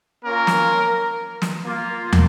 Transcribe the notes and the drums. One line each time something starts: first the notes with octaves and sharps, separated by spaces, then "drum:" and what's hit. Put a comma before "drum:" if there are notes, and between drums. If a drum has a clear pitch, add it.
A#3 C#4 F4 A#4
drum: snare
drum: snare
A#3 F4
drum: tom